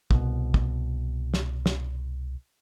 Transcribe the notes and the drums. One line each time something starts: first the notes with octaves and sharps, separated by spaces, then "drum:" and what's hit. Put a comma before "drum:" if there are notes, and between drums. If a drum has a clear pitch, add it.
C2 B2, drum: kick
drum: kick
drum: snare
drum: snare